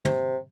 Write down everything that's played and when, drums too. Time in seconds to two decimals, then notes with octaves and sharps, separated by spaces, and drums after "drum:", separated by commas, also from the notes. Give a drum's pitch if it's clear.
0.05 C3, drum: tom